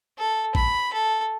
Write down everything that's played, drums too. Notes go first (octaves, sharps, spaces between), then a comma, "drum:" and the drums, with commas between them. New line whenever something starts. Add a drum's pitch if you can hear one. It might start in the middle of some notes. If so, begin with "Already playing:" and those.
A4
B5, drum: kick
A4